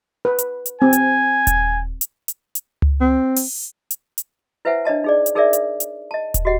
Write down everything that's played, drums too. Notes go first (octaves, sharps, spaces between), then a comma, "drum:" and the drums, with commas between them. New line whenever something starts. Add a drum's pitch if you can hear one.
B4
drum: hi-hat
drum: hi-hat
C4 G#5
drum: hi-hat
drum: kick D#1, hi-hat
drum: hi-hat
drum: hi-hat
drum: hi-hat
drum: tom C#2
C4
drum: open hi-hat
drum: hi-hat
drum: hi-hat
E4 B4 C5 E5 F#5 G#5
D4 C#5 D#5 A5
D#4 G#4 D5
drum: hi-hat
D#4 G#4 A#4 C#5 D5 E5
drum: hi-hat
drum: hi-hat
D#5 A5
drum: kick D#1, hi-hat
F#4 G4 D#5 F#5